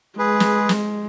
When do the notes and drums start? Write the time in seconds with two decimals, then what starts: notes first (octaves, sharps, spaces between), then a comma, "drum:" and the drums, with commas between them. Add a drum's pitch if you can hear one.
0.19 G#3 G#4 B4
0.40 drum: snare
0.69 drum: snare